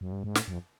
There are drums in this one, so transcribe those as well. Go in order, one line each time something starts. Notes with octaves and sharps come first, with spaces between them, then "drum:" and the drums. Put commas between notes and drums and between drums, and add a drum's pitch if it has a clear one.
F#2
G2
G#2
A2, drum: snare
F#2
F2